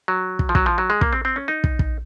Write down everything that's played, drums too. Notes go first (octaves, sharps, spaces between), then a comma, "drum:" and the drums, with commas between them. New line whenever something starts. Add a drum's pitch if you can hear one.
F#3
drum: kick
F3
F#3, drum: kick
F3
F#3
G#3
A#3, drum: kick
C4
C4
C#4
D#4
drum: kick
drum: kick